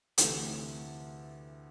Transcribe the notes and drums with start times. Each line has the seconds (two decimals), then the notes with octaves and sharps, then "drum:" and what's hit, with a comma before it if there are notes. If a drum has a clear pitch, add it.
0.18 D2 C3 E3 A3 A4, drum: hi-hat